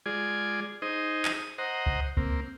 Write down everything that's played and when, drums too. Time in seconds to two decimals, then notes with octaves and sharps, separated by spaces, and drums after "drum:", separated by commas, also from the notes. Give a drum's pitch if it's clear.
0.06 G#3 F4 G#4 D5 G#5
0.82 D#4 G#4 C5 D#5
1.25 drum: clap
1.36 D#6
1.58 C5 D#5 F#5 A#5
1.86 drum: kick C#2
2.17 A#3 C4, drum: kick C#2